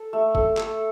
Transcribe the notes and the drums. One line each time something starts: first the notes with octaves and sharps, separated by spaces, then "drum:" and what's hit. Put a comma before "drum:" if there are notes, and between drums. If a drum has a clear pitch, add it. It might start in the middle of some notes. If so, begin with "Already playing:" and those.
Already playing: A4
A3
A4, drum: kick G1
A4, drum: clap